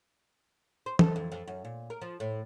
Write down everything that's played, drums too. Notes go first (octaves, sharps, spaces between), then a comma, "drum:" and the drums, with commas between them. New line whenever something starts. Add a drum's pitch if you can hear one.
C5
A4, drum: tom E3
F2
F2
F#2
A#2
A#4
F3
A2